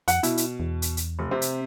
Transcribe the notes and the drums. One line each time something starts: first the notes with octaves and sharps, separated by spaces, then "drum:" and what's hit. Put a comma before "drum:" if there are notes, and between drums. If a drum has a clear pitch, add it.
F2 F#5, drum: hi-hat
B2 E4, drum: hi-hat
drum: hi-hat
E2
drum: hi-hat
drum: hi-hat
F1
C3 C4
drum: hi-hat